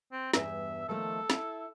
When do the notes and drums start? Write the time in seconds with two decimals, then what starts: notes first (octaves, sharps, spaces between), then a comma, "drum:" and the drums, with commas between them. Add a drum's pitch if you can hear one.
0.12 C4
0.34 E2 G2 E5, drum: snare
0.88 D#3 F3 A3 A4
1.30 E4, drum: snare